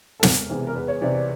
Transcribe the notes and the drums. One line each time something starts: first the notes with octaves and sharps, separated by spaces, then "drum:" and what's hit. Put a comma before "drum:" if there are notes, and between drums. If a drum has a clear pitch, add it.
A4
E1 A#4, drum: snare
E2 C3 E3
A#4
E2 B4
C#5
C3 E3 D5
D5